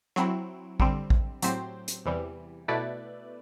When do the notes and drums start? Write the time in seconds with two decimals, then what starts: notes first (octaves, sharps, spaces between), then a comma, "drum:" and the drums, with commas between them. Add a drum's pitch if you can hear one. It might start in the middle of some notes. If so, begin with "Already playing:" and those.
0.16 F#3 C4 E4, drum: rim click
0.80 D3 G3 C4, drum: kick A1
1.10 drum: kick A1
1.42 A2 F#3 C4 G4 C5, drum: hi-hat
1.88 drum: hi-hat
2.06 E2 C3 E3 G3
2.68 B2 A3 E4 B4 D5